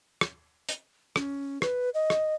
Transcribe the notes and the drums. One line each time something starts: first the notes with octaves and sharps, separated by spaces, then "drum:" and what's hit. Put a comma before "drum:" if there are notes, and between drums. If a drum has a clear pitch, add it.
drum: rim click
drum: hi-hat
C#4, drum: rim click
B4, drum: rim click
D#5
drum: rim click